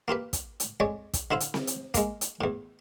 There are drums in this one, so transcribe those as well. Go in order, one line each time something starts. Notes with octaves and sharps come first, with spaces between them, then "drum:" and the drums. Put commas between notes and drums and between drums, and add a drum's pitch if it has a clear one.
A#3 F4 G4 B4
drum: kick, hi-hat
drum: hi-hat
F2 G#3 C#5 D5
drum: kick, hi-hat
D3 E4 F4 C5
drum: hi-hat
drum: snare C4
drum: hi-hat
G#3 A#3, drum: kick, hi-hat
drum: hi-hat
E2 A2